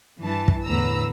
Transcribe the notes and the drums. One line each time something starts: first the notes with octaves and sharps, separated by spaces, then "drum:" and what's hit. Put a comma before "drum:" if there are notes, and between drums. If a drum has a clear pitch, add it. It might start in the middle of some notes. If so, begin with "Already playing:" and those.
G2 E3 A5
drum: kick
E2 A2 D3 B4 A#5 E6